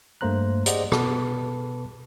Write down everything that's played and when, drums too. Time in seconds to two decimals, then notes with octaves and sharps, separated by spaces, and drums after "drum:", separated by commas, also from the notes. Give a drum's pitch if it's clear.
0.21 G2 A3 A#3 C5 A#5 F#6
0.66 G4 G#4 C5 D5 D#5 F#5, drum: hi-hat
0.92 B2 B3 A4 B4 A5, drum: rim click